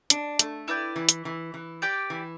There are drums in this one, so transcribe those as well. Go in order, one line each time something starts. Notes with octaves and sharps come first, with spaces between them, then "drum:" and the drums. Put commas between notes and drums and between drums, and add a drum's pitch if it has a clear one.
D4, drum: hi-hat
A3, drum: hi-hat
E4 B4 D5 G5
E3
drum: hi-hat
E3
E3
G4 D5 G5
E3